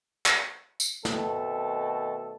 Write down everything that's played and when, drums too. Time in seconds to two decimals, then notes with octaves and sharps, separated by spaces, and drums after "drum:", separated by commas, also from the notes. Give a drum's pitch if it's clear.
0.26 drum: clap
0.80 drum: tambourine
1.05 B2 D#3 A3 C4 A4, drum: snare